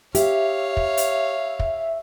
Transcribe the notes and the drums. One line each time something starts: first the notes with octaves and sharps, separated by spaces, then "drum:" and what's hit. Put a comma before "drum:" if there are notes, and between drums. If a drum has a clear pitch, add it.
G4 C#5 E5 F5, drum: hi-hat
drum: kick
drum: hi-hat
drum: kick